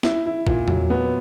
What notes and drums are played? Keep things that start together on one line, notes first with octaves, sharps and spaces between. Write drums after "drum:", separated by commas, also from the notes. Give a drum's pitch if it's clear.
E4, drum: snare
E4
A#2, drum: kick
F#3, drum: tom E2
B3